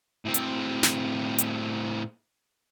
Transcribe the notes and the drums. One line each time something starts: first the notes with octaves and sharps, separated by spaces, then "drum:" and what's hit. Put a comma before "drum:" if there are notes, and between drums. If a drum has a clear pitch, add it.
A2 C4
drum: hi-hat
drum: snare
drum: hi-hat